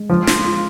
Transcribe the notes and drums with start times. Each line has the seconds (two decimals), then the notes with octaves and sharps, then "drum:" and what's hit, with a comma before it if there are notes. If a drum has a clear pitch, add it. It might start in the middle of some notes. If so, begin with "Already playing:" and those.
Already playing: G#3
0.09 F3
0.27 F4, drum: snare
0.45 F4